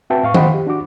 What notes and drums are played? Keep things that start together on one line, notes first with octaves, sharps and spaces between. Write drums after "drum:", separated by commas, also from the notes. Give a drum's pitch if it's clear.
C4 F#4 B4 E5 G5 A5
A2 F5 C#6
C5 D#5 F#5 G5 B5 C6, drum: tom D#3
G4
D4 F#4 D6